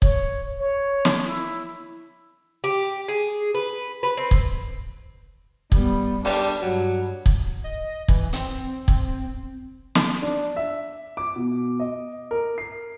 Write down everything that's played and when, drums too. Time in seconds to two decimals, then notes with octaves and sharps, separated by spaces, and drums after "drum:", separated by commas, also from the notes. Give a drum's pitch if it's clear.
0.02 C#5, drum: kick
0.59 C#5
1.05 drum: snare
1.26 E4
2.64 G4
3.08 G#4
3.55 B4
4.03 B4
4.17 C4
4.31 drum: kick
5.72 G3 B3, drum: kick
6.25 G3 D4, drum: open hi-hat
6.62 G2 F#3
7.26 drum: kick
7.64 D#5
8.08 E3, drum: kick
8.33 C4, drum: hi-hat
8.88 drum: kick
9.95 drum: snare
10.22 D4
10.56 E5
11.17 D6
11.36 B2
11.80 D#5
12.31 A#4
12.58 C7